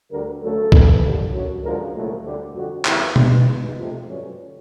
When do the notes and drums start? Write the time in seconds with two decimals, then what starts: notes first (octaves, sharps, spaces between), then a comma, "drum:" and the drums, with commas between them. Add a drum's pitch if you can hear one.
0.11 D2 D3 G3 A#4
0.41 D2 C#3 F#3 A3 A4
0.72 A2 E3 A3, drum: kick C2
1.02 D#2 D3 G3
1.32 F#2 D3 F#3
1.63 F#2 D3 F3 G#3 A#4
1.94 C2 A#2 F#3 A3
2.24 D2 D3 G3 G4
2.55 F2 D3 G3 F#4
2.85 E2 C3 D#3 G3 E4, drum: clap
3.16 E2 B2 G3 D#4, drum: tom B2
3.46 E2 B2 G#3
3.77 F2 C3 F3 A3
4.08 G2 D3 F#3 C#4